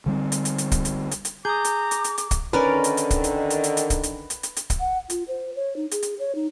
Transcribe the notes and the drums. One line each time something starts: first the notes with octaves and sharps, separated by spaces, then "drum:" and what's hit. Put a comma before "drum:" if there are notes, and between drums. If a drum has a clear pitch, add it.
D3 G3 C4
drum: hi-hat
drum: hi-hat
drum: hi-hat
drum: kick C#1, hi-hat
drum: hi-hat
drum: hi-hat
drum: hi-hat
G#4 A#5 D6 D#6 G6
drum: hi-hat
drum: hi-hat
drum: hi-hat
drum: hi-hat
drum: kick C#1, hi-hat
D3 D#3 C#4 A#4 B4 D5
drum: hi-hat
drum: hi-hat
drum: kick C#1, hi-hat
drum: hi-hat
drum: hi-hat
drum: hi-hat
drum: hi-hat
drum: kick C#1, hi-hat
drum: hi-hat
drum: hi-hat
drum: hi-hat
drum: hi-hat
drum: kick C#1, hi-hat
F#5
F4, drum: hi-hat
C5
C#5
D#4
G#4, drum: hi-hat
drum: hi-hat
C#5
D#4